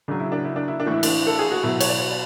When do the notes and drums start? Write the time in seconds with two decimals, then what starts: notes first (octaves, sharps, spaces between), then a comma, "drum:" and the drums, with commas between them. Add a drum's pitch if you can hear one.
0.08 C#3 F#3 D4
0.20 E4
0.32 D4
0.44 E4
0.56 D4
0.68 E4
0.80 D4
0.86 A2 E3 E4
1.03 D4, drum: cymbal
1.27 A4
1.39 G#4
1.51 F#4
1.63 B2 F#3 E4
1.81 C#5, drum: cymbal
1.89 D5
2.10 D5